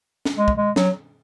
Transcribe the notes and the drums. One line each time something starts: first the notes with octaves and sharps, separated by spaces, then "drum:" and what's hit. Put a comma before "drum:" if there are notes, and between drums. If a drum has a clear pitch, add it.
drum: snare C#4
G#3
drum: kick
G#3
F#3, drum: snare C#4